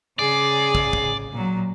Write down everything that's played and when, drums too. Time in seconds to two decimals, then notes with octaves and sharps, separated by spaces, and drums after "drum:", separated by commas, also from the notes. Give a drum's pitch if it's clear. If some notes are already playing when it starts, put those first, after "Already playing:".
0.19 C#3 G#4 D5
0.75 drum: kick
0.93 drum: kick
1.33 A#2 F#3